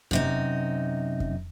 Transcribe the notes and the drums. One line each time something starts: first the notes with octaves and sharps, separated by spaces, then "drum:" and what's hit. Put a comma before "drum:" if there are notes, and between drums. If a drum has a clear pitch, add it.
F#2 C3 D#4, drum: kick F2
drum: kick F2